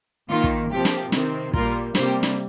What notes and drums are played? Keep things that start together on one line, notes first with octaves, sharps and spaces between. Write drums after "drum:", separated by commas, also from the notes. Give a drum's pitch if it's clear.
D#3 A#3 F4
drum: kick
C3 F3 A#3 G4
drum: snare
C3 D#3 C4, drum: snare
A#2 G3 A#3 F4 A#4, drum: kick
C3 G3 A#3 G4 C5, drum: snare
drum: snare